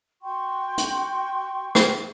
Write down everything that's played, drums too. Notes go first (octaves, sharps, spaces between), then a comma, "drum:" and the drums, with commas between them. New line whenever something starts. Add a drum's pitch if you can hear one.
F#4 G5 C6 C#6
drum: hi-hat
drum: rim click